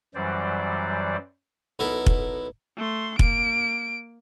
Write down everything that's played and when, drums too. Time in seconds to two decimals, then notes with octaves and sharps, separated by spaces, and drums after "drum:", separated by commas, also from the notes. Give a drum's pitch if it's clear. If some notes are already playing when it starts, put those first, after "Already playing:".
0.15 F#2 E3 F#3 G3 C5 D5
1.79 B1 B3 E4 A4 A#4
2.06 drum: kick
2.77 A3 C6
3.19 A#3 D7, drum: kick